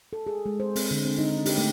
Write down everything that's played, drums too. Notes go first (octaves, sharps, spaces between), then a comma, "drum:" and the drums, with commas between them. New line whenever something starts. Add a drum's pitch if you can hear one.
A4
G#4
G#3
C5
C4, drum: open hi-hat
D3
C4
D#4
D4
G4, drum: open hi-hat
A3